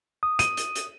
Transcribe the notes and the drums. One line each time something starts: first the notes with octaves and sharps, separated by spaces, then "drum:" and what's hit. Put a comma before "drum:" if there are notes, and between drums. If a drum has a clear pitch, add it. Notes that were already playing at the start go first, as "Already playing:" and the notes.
D#6
D#7, drum: hi-hat
drum: hi-hat
drum: hi-hat